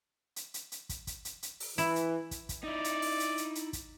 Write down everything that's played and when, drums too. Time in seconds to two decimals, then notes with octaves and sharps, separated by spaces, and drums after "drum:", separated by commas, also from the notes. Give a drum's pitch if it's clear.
0.36 drum: hi-hat
0.54 drum: hi-hat
0.72 drum: hi-hat
0.89 drum: kick, hi-hat
1.07 drum: kick, hi-hat
1.25 drum: hi-hat
1.43 drum: hi-hat
1.60 drum: open hi-hat
1.78 E3 E4, drum: hi-hat
1.96 drum: hi-hat
2.31 drum: kick, hi-hat
2.49 drum: kick, hi-hat
2.64 D#4 E4 D5
2.84 drum: hi-hat
3.02 drum: open hi-hat
3.20 drum: hi-hat
3.38 drum: hi-hat
3.55 drum: hi-hat
3.73 drum: kick, hi-hat